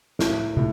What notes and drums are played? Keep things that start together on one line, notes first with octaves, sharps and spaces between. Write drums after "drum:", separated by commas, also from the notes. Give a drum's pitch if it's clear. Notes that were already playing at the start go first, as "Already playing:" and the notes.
A2 E4, drum: snare
A2, drum: tom